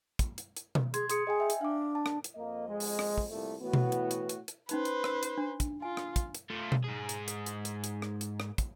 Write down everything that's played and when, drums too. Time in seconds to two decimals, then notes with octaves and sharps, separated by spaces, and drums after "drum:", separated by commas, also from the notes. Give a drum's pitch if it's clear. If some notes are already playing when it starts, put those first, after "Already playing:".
0.19 drum: kick, hi-hat
0.38 drum: hi-hat
0.57 drum: hi-hat
0.75 drum: tom B2
0.94 G#4 C6 G#6, drum: hi-hat
1.10 G#4 C6 D#6 C#7, drum: hi-hat
1.27 G#4 D#5 G5 G#5
1.40 E5 G5
1.50 drum: hi-hat
1.61 D4 F5 D6
1.95 A5
2.06 drum: rim click
2.24 drum: hi-hat
2.36 F2 A#3 D#5
2.67 G#3
2.80 drum: open hi-hat
2.99 drum: rim click
3.18 drum: kick
3.30 C2 A#2 A3
3.61 A2 E3 B3 F#4
3.73 drum: tom B2
3.92 drum: hi-hat
4.11 drum: hi-hat
4.29 drum: hi-hat
4.48 drum: hi-hat
4.69 C#4 D#4 B4 C5 B5, drum: hi-hat
4.85 drum: hi-hat
5.04 drum: rim click
5.23 drum: hi-hat
5.37 D4
5.60 drum: kick, hi-hat
5.82 F4 G#5
5.97 drum: rim click
6.16 drum: kick, hi-hat
6.35 drum: hi-hat
6.50 A3 F4
6.72 drum: tom B2
6.84 G#2 G#4
7.09 drum: hi-hat
7.28 drum: hi-hat
7.46 drum: hi-hat
7.65 drum: hi-hat
7.84 drum: hi-hat
8.02 drum: rim click
8.21 drum: hi-hat
8.40 drum: rim click
8.58 drum: kick, hi-hat